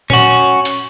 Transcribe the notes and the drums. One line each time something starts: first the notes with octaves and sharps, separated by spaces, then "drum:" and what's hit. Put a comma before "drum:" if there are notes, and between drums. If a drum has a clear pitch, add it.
C#4 F#4, drum: tom A#2
drum: hi-hat